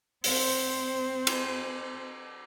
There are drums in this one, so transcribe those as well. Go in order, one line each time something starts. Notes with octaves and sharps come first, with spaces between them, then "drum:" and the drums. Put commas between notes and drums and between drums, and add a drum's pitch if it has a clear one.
C4 C5, drum: open hi-hat
drum: cymbal